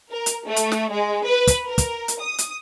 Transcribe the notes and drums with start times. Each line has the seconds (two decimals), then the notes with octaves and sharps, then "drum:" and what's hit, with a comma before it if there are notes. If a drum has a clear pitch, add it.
0.11 A#4
0.26 drum: hi-hat
0.47 A3
0.56 drum: hi-hat
0.72 drum: snare
0.91 G#3
1.26 B4
1.47 drum: kick, hi-hat
1.68 A#4
1.78 drum: kick, hi-hat
2.08 drum: hi-hat
2.22 D#6
2.38 drum: hi-hat